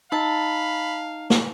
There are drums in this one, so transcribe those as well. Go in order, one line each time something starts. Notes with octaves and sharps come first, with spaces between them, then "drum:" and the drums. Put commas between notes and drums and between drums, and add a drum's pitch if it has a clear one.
D#4 F5 A5 B5
drum: snare